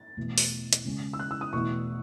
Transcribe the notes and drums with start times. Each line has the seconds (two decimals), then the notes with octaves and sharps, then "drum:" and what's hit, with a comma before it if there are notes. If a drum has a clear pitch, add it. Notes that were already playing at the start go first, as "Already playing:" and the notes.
Already playing: A6
0.17 E2 B2 A3
0.38 drum: open hi-hat
0.73 drum: hi-hat
0.85 C#3 G#3 C#4
1.13 E6
1.19 F#6
1.31 E6
1.41 D#6
1.53 E2 B2 A3 E4 C#6